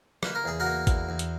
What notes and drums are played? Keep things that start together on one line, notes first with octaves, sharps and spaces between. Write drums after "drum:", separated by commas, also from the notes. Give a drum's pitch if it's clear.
A#3 B4, drum: rim click
A#4
E2 G#4
F#4 A#4
A#3
E2, drum: kick G#1, hi-hat
E2
drum: hi-hat